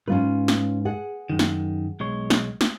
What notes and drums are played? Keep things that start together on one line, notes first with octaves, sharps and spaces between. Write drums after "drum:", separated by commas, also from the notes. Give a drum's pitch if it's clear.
G#2 C#4 F4 B4
drum: snare
G#4 F#5
F#2 D#3
drum: snare
B1 G#3 C#5
drum: snare
drum: snare